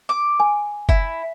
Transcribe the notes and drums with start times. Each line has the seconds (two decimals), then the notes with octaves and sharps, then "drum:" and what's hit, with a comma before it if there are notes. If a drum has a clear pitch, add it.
0.09 D6
0.40 G#5
0.89 E4, drum: kick